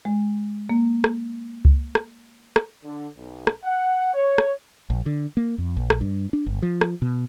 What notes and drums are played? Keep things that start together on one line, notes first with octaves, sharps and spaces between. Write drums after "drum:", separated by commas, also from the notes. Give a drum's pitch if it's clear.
G#3
A#3
drum: rim click
drum: kick C#2
drum: rim click
drum: rim click
D3
B1
drum: rim click
F#5
C#5
drum: rim click
A#1
D3
A#3
F2
A#1
drum: rim click
G2
D4
G1
F3
drum: rim click
B2